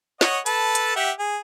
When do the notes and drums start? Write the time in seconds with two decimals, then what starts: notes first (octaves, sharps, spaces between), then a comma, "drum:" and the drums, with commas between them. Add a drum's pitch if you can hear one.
0.21 C#5 D#5 F#5, drum: snare
0.46 A4 B4 A5, drum: hi-hat
0.75 drum: hi-hat
0.96 G4 E5 F#5
1.19 G#4